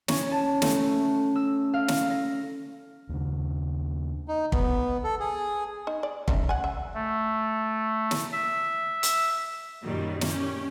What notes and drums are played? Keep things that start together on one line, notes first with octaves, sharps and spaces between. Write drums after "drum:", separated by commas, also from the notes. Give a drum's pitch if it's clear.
C#4, drum: snare
A5
A3, drum: snare
E6
F5
drum: snare
A#6
D#2 C#3
D#4
B3, drum: kick
A4
G#4
D#4
D5
A3 C#4 D#4, drum: kick
F#5 G#5
E5
A3
drum: snare
E5
drum: hi-hat
F#2 A#2 D#3 F#3 G3
C#4 G4, drum: snare